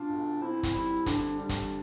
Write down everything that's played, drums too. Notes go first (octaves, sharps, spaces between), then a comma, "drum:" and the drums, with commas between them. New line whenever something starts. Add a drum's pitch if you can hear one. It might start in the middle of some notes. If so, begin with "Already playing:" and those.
Already playing: B2 B3 D4 F4
B1
C4 E4
drum: kick, hi-hat
G3 E4
D3 D4, drum: kick, hi-hat
G3 D4
drum: kick, hi-hat